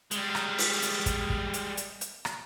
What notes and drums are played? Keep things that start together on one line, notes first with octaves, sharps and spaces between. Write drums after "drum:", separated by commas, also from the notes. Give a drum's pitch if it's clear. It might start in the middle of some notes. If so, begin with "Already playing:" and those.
G3 G#3, drum: hi-hat
drum: rim click
drum: open hi-hat
drum: hi-hat
drum: kick, hi-hat
drum: kick
drum: hi-hat
drum: hi-hat
drum: hi-hat
drum: rim click